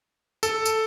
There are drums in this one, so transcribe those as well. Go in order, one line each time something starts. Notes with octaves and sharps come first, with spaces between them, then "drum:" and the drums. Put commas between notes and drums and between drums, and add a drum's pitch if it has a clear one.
A4, drum: tambourine
drum: tambourine